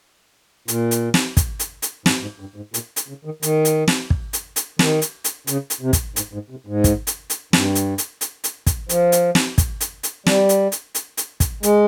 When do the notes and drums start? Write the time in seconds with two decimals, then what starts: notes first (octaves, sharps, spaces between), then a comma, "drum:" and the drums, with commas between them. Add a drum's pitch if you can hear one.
0.68 A#2, drum: hi-hat
0.91 drum: hi-hat
1.14 drum: snare
1.37 drum: kick, hi-hat
1.59 drum: hi-hat
1.82 drum: hi-hat
2.06 G#2, drum: snare
2.22 G#2
2.40 G2
2.56 G#2
2.74 A#2, drum: hi-hat
2.96 drum: hi-hat
3.08 C#3
3.25 D#3
3.43 D#3, drum: hi-hat
3.65 drum: hi-hat
3.88 drum: snare
4.10 drum: kick
4.33 drum: hi-hat
4.56 drum: hi-hat
4.79 D#3, drum: snare
5.02 drum: hi-hat
5.24 drum: hi-hat
5.47 C#3, drum: hi-hat
5.70 drum: hi-hat
5.81 C3
5.93 drum: kick, hi-hat
6.16 G#2, drum: hi-hat
6.33 G#2
6.50 C3
6.67 G#2
6.84 drum: kick, hi-hat
7.07 drum: hi-hat
7.30 drum: hi-hat
7.53 G2, drum: snare
7.75 drum: hi-hat
7.98 drum: hi-hat
8.21 drum: hi-hat
8.44 drum: hi-hat
8.66 drum: kick, hi-hat
8.89 F3, drum: hi-hat
9.12 drum: hi-hat
9.35 drum: snare
9.58 drum: kick, hi-hat
9.81 drum: hi-hat
10.03 drum: hi-hat
10.26 G3, drum: snare
10.49 drum: hi-hat
10.72 drum: hi-hat
10.95 drum: hi-hat
11.17 drum: hi-hat
11.40 drum: kick, hi-hat
11.63 G#3, drum: hi-hat